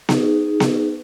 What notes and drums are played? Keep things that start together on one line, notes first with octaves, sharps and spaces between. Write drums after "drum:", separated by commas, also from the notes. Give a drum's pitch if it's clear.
D#4 G#4, drum: snare B3
drum: snare B3